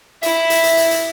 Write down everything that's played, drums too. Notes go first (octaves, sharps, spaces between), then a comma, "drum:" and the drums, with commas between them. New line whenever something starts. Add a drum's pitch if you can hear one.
E4 E5, drum: hi-hat
drum: hi-hat
drum: hi-hat
drum: hi-hat
drum: hi-hat